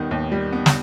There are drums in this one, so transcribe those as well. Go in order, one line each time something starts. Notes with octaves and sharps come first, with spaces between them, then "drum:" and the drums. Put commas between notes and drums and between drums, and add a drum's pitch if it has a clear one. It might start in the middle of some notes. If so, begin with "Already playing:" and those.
Already playing: D#2 D#3 G3 B3
D#2
G3
B3
drum: snare